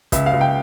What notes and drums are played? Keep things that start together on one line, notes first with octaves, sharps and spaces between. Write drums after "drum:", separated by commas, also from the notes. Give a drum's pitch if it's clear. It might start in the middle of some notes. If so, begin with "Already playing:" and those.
C#2 E5, drum: kick, hi-hat
F5
C#2
G5